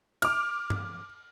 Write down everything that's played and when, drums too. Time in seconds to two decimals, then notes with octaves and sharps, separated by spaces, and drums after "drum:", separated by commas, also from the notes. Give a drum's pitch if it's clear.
0.22 D6 F6, drum: cymbal
0.70 drum: tom G2